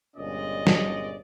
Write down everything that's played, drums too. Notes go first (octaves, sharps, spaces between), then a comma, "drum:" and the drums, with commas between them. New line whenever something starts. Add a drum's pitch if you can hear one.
G1 A#2 G#3 C#4 D5 D#5
drum: snare